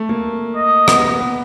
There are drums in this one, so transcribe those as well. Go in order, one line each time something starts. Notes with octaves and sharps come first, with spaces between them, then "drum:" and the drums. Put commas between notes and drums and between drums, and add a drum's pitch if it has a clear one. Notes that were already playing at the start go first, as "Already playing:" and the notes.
Already playing: A3
A#3
D#5
B3, drum: rim click
B3
B3